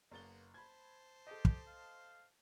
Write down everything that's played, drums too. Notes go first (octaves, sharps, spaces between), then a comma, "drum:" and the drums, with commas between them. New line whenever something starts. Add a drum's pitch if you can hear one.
F#1 A#3 B3 A#4 A6 G7
C5 A5 B5 G#6
G4 A4 D#5
drum: kick
F5